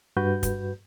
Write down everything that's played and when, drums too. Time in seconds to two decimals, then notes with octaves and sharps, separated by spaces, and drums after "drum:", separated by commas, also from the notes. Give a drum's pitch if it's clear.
0.17 G2 F#4 B4 G6
0.43 drum: kick, hi-hat